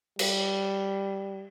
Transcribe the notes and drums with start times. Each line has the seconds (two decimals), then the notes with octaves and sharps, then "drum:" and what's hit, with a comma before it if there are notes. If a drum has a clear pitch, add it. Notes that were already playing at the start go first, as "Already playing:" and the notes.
0.19 G3, drum: cymbal